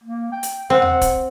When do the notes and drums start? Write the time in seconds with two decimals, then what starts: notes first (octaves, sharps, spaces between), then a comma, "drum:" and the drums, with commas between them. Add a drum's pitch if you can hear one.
0.04 A#3
0.32 G5
0.43 drum: hi-hat
0.70 C4 F#5
0.82 drum: tom D#2
1.01 drum: kick, hi-hat